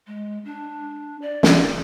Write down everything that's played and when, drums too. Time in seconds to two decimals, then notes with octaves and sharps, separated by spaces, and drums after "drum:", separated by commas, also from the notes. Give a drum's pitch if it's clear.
0.07 G#3
0.45 D4
1.22 D5
1.43 drum: snare